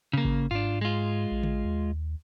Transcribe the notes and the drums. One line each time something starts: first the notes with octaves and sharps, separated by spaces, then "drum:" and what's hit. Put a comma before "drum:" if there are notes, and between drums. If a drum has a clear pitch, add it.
C#3 A#3
drum: kick G#1
G#2 D4 F4
G#3 F4
A#1
drum: tom C#3
D#2